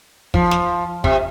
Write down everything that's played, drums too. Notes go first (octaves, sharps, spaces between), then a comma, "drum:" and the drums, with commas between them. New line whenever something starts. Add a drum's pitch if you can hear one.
F3, drum: kick
drum: snare
C3, drum: kick